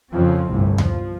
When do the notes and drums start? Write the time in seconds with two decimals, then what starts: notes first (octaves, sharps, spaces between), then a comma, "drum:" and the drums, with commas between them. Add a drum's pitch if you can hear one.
0.11 F2 C#3 F3 C4
0.49 G1 C2 A2
0.78 F3, drum: tom D#2